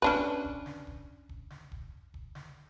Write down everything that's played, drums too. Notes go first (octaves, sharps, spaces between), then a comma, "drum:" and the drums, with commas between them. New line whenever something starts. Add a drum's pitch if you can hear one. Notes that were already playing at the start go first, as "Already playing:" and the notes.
C#4 D4 B4, drum: kick
drum: kick
drum: snare
drum: kick
drum: kick
drum: snare
drum: kick
drum: kick
drum: snare